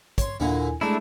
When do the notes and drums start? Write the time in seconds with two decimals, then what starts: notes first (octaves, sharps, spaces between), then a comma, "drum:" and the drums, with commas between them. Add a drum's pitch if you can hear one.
0.18 C#5 C6, drum: kick, hi-hat
0.40 D#2 A#2 D3 D4 E4 G#5
0.81 G#3 A3 D4 E4 A#5